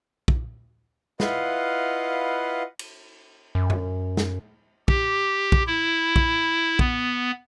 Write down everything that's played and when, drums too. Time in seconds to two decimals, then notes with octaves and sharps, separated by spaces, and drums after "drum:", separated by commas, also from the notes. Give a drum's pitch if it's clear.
0.28 drum: kick
1.20 E4 F4 B4 D#5 F5 F#5, drum: snare
2.79 drum: cymbal
3.55 F#2
3.70 drum: tom F#2
4.17 drum: snare
4.88 G4, drum: kick
5.52 drum: kick
5.67 E4
6.16 drum: kick
6.79 B3, drum: kick